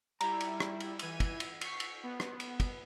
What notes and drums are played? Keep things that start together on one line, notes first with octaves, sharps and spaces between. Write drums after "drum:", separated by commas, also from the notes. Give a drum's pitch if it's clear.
G3 E4 A#5, drum: cymbal
drum: cymbal
drum: rim click
drum: cymbal
E3 G#6 D#7, drum: cymbal
drum: kick, cymbal
drum: cymbal
C#6 B6 C7, drum: cymbal
drum: cymbal
B3
drum: rim click
drum: cymbal
drum: kick, cymbal